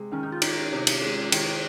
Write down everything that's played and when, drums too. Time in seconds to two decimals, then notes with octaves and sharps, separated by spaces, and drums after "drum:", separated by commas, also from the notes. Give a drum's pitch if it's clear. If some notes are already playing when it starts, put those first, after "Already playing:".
Already playing: C3 G#3
0.12 D#3 C#4
0.23 D#4
0.32 F4
0.42 D#4 G4, drum: cymbal
0.72 C3
0.87 drum: cymbal
1.02 G#3
1.32 D#3, drum: cymbal
1.46 C5